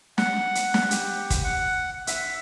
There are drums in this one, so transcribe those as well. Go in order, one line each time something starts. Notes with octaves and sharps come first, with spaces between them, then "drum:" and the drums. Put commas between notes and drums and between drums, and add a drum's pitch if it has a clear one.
F#5, drum: snare
drum: hi-hat
drum: snare
G4, drum: hi-hat
drum: kick, hi-hat
F#5
E5, drum: hi-hat